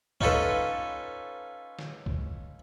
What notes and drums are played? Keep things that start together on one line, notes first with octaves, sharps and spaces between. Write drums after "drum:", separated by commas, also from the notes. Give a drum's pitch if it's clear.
C#4 D#4 F4 A4 B4, drum: kick
drum: snare
drum: kick